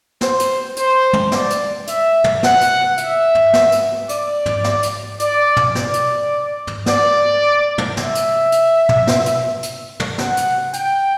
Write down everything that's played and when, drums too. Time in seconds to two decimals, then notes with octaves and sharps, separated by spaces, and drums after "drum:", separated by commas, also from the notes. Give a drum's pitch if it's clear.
0.21 C5, drum: snare
0.39 drum: hi-hat
0.76 C5, drum: hi-hat
1.13 drum: tom
1.32 D5, drum: snare
1.50 drum: hi-hat
1.87 E5, drum: hi-hat
2.24 drum: tom
2.43 F#5, drum: snare
2.61 drum: hi-hat
2.97 E5, drum: hi-hat
3.35 drum: tom
3.53 drum: snare
3.72 drum: hi-hat
4.09 D5, drum: hi-hat
4.46 drum: tom
4.64 drum: snare
4.83 drum: hi-hat
5.20 D5, drum: hi-hat
5.57 drum: tom
5.75 D5, drum: snare
5.93 drum: hi-hat
6.67 drum: tom
6.86 D5, drum: snare
7.78 drum: tom
7.97 E5, drum: snare
8.15 drum: hi-hat
8.52 drum: hi-hat
8.89 drum: tom
9.07 drum: snare
9.26 drum: hi-hat
9.63 drum: hi-hat
10.00 drum: tom
10.18 F#5, drum: snare
10.37 drum: hi-hat
10.73 G5, drum: hi-hat